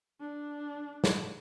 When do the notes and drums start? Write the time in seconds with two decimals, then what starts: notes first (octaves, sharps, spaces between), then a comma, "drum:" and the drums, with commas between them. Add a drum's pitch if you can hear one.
0.20 D4
1.04 drum: snare